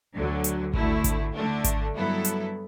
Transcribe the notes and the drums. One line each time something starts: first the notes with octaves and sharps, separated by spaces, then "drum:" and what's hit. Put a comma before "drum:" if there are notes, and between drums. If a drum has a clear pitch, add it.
D2 D3 F#3
drum: hi-hat
D2 D3 A3 E4, drum: kick G#1
drum: kick G#1, hi-hat
D3 A3 D4
drum: kick G#1, hi-hat
G2 F#3 B3 E4 A4
drum: hi-hat